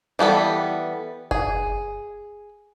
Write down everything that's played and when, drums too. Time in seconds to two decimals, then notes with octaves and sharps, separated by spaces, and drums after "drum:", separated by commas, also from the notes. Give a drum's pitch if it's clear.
0.19 E3 G3 B3 A4
1.31 G#4, drum: kick F#1